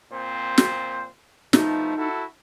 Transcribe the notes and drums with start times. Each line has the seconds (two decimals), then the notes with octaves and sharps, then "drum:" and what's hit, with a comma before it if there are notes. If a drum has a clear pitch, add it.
0.12 A#2 C4 C5
0.58 drum: snare
1.53 B2 F3 A3 D#4, drum: snare
1.98 E4 F#4 A4